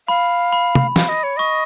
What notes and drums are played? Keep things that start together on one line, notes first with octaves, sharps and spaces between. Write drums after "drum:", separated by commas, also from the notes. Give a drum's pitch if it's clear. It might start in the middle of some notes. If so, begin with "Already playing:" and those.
F5 B5
B5
drum: tom
F5, drum: snare
D#5
C#5
D#5 C#6